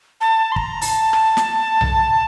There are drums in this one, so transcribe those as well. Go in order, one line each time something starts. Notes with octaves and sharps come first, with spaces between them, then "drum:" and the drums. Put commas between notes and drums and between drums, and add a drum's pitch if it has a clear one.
A5
C6
A#5, drum: kick
A5, drum: open hi-hat
drum: rim click
drum: snare
drum: tom B1